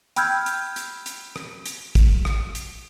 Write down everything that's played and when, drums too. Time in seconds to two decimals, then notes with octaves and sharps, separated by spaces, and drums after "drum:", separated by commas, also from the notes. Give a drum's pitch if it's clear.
0.16 G5 B5 E6 F6 G6 G#6, drum: hi-hat
0.46 drum: hi-hat
0.76 drum: hi-hat
1.06 drum: hi-hat
1.36 drum: rim click
1.66 drum: hi-hat
1.95 drum: kick, hi-hat
2.25 drum: rim click
2.55 drum: hi-hat